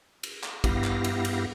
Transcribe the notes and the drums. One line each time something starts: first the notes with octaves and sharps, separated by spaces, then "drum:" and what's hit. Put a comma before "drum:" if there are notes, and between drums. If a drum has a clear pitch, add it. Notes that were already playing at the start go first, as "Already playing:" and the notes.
drum: cymbal
drum: clap
G2 B3 E4 G4 F5 A#6, drum: kick, cymbal
drum: clap
drum: cymbal
drum: cymbal